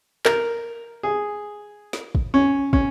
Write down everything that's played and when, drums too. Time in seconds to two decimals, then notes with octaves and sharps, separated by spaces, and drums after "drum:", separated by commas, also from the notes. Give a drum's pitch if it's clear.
0.25 A#4, drum: clap
1.03 G#4
1.93 drum: snare
2.15 drum: kick
2.34 C#4
2.73 C#4, drum: kick